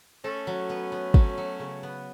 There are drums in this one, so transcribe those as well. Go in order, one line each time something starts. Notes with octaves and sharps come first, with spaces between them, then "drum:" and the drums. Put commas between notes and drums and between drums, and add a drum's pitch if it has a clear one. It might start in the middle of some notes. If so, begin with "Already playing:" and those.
A3 C#4 A4
F#3
B3
B3
F#3, drum: kick
F#3
C#3
B3